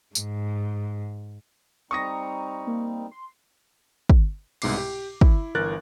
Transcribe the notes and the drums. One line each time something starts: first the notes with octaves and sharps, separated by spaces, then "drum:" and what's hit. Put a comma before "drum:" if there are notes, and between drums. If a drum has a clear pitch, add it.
G#2, drum: tambourine
G3 C4 D#4 A#5 C#6 D#6 A#6
A#3
C6
drum: kick
C2 G#2 B2 D6 C7, drum: cymbal
G4
E4, drum: kick
G1 E3 A#4 F#6 A6